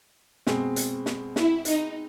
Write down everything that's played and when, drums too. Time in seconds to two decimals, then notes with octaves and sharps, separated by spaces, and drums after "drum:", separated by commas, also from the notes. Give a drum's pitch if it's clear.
0.47 B2 G#3 C4, drum: snare
0.76 drum: hi-hat
1.06 drum: snare
1.36 E4, drum: snare
1.65 D#4, drum: hi-hat